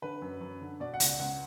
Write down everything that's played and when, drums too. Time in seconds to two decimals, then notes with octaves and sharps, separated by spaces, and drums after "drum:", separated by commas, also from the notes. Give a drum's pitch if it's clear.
0.02 D3 B4
0.22 F#2
0.41 F#2
0.61 D3
0.80 B2 D5
0.94 F#5
1.00 C#2, drum: hi-hat
1.06 F#5
1.19 C#2 F#5